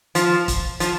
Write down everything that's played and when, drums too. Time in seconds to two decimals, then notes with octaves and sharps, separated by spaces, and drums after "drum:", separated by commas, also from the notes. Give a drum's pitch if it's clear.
0.15 F3, drum: hi-hat
0.48 drum: kick, hi-hat
0.80 F3, drum: hi-hat